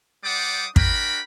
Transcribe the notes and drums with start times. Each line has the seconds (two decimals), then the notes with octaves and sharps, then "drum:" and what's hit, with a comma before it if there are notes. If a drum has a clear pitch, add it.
0.24 G3 C5 D5 F#5 D6 D#6
0.76 D4 F#4 A#4 G5 B5, drum: kick